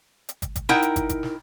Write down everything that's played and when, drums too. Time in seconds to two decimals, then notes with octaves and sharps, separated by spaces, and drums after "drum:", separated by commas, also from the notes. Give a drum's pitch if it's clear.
0.29 drum: hi-hat
0.42 drum: kick, hi-hat
0.56 drum: kick, hi-hat
0.69 D#4 E4 A#4 F#5 G5, drum: snare
0.82 drum: hi-hat
0.96 drum: kick, hi-hat
1.09 drum: kick, hi-hat
1.23 drum: snare